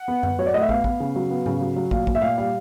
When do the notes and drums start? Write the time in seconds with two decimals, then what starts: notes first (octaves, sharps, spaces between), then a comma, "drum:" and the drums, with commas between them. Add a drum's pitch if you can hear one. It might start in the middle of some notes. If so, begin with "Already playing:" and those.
Already playing: F#5
0.08 B3
0.23 B3, drum: tom F#2
0.38 F#3 C#5
0.46 D5
0.54 A2 D#5
0.62 E5
0.69 B3 F5, drum: kick
0.84 B3, drum: kick
1.00 C#3
1.16 F#3
1.31 B3
1.46 C#3, drum: tom G#2
1.61 F#3
1.76 F#3
1.91 A#2 F5, drum: kick
2.07 A#2, drum: kick
2.15 E5
2.22 A#2 F5
2.38 G3 F5